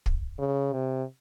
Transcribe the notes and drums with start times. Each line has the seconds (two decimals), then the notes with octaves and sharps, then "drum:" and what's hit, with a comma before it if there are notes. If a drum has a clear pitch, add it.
0.06 drum: kick
0.38 C#3
0.73 C3